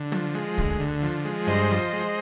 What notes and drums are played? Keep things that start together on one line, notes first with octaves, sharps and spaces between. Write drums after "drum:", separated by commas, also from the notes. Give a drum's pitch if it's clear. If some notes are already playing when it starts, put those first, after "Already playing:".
Already playing: D3
F3, drum: tom
G#3
D2, drum: kick
D3
F3
G#3
G2 C5 D#5
F3
G#3